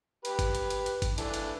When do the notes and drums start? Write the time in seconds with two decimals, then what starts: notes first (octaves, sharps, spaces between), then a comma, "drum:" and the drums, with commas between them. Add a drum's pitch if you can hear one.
0.25 G4 B4, drum: hi-hat
0.39 drum: kick G#1, hi-hat
0.55 drum: hi-hat
0.70 drum: hi-hat
0.86 drum: hi-hat
1.02 drum: kick G#1, hi-hat
1.18 E3 A3 D4, drum: hi-hat
1.34 drum: hi-hat